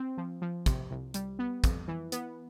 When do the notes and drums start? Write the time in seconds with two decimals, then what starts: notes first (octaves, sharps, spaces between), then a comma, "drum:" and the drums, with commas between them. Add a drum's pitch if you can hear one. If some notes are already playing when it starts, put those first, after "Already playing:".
Already playing: C4
0.17 F3
0.42 F3
0.66 C3, drum: kick, hi-hat
0.91 C2
1.14 G3, drum: hi-hat
1.39 B3
1.64 F2, drum: kick, hi-hat
1.88 E3
2.12 B3, drum: hi-hat